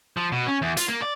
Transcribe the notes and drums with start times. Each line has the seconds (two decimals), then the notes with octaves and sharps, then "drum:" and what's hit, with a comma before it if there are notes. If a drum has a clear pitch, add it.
0.17 F3
0.32 B2
0.47 C#4
0.62 E2
0.77 F4, drum: hi-hat
0.88 A#3
1.02 D5